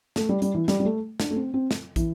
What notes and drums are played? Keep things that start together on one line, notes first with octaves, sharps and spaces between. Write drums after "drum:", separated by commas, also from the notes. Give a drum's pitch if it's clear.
A3, drum: snare
G3
G3, drum: hi-hat
E3
G3, drum: snare
G3
A3
D4, drum: snare
A3
C4
C4
drum: snare
E3, drum: kick, hi-hat